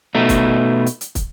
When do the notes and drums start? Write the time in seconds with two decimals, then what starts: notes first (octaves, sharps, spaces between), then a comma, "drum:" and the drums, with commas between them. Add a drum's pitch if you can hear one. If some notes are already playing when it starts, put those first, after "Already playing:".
0.15 B2 A3 D#4
0.29 drum: kick, hi-hat
0.86 drum: hi-hat
1.01 drum: hi-hat
1.15 drum: kick, hi-hat